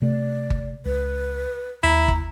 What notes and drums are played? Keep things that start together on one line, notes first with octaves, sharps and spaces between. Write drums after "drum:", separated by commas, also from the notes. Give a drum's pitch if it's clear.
C3 A3 D5
drum: kick G1
C#2 B4
D#2 E4 A#5
drum: kick G1